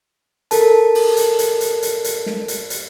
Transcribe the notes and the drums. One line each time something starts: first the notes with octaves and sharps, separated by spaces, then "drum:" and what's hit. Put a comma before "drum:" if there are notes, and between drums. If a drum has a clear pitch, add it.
A4 A#4 A5, drum: hi-hat
drum: open hi-hat
drum: hi-hat
drum: hi-hat
drum: hi-hat
drum: hi-hat
drum: hi-hat
drum: snare
drum: hi-hat
drum: hi-hat